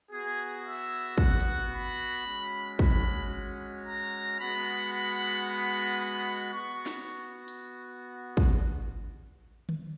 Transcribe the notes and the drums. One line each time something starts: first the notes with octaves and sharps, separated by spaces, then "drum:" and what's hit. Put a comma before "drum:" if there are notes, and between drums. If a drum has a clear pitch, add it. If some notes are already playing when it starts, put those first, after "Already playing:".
B3 F#4 G#4
E5
F#5, drum: kick
drum: hi-hat
B5
G#3 C#4 F#4
B5, drum: kick
A#5
drum: open hi-hat
G#3 B3 F#4 B5
B5
B5
B5, drum: open hi-hat
B3 F#4 C#6
drum: snare
drum: hi-hat
drum: kick
drum: tom D3